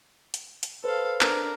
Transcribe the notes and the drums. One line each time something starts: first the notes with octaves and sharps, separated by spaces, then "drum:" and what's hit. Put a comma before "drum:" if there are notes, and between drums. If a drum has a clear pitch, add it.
drum: hi-hat
drum: hi-hat
A4 B4 C5 F5
D4 A#4, drum: clap